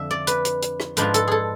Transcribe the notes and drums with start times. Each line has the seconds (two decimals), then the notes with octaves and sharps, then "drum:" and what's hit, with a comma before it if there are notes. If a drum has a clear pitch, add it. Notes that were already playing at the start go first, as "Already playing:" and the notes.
Already playing: F2 D3 F3 E5
0.11 D5
0.27 B4, drum: hi-hat
0.45 drum: hi-hat
0.62 drum: hi-hat
0.80 drum: rim click
0.97 G#2 F3 G#3 D4 F4 B4, drum: hi-hat
1.14 A4, drum: hi-hat
1.28 G#4 A4